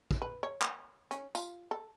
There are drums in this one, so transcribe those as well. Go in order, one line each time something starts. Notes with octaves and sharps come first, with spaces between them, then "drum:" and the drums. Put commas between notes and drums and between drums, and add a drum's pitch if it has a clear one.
drum: kick
B4
C#5
drum: clap
C#4, drum: hi-hat
F4, drum: tambourine
A4